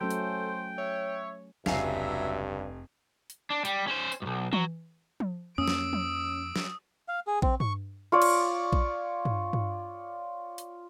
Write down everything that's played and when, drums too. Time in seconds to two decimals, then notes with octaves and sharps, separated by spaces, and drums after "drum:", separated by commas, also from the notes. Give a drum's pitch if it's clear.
0.01 F#3 A3 C#4 A4 C5 G5
0.10 drum: hi-hat
0.78 C#5 E5
1.66 F1 C#2 G2 F#3 E5 F5 G#5 C7, drum: snare
3.30 drum: hi-hat
3.50 D4
3.65 G3, drum: hi-hat
3.87 C#4 C5
4.12 drum: tambourine
4.22 B1 G2
4.53 F#3, drum: tom E3
5.20 drum: tom F3
5.58 F2 A#3 C#4 D#6 E6 D7
5.68 drum: snare
5.93 drum: tom F3
6.56 drum: snare
7.08 F5
7.27 G#4
7.42 C4, drum: kick A#1
7.60 C#6, drum: tom G2
8.12 F4 C#5 D5
8.22 drum: cymbal
8.73 drum: kick A#1
9.25 drum: tom G2
9.53 drum: tom G2
10.58 drum: hi-hat